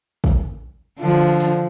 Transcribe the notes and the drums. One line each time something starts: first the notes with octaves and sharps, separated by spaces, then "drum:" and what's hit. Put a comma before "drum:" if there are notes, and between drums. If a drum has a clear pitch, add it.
drum: kick
D3 F3
drum: hi-hat